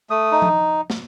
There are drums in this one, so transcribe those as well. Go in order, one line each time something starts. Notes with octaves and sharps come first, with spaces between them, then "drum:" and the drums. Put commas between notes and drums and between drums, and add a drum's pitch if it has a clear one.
A3 D#6
D#4
drum: tom F3
drum: snare